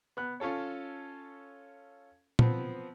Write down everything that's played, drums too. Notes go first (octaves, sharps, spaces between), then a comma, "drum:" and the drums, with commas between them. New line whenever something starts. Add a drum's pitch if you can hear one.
B3 F#6
C#4 F4 A4 C#5
F3 B3 C4, drum: tom A#2